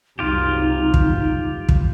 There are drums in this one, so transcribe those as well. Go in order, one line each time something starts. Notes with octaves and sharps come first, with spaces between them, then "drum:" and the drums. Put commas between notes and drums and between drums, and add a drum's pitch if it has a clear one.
F#1 C2 D#4 F4 G4
drum: kick
drum: kick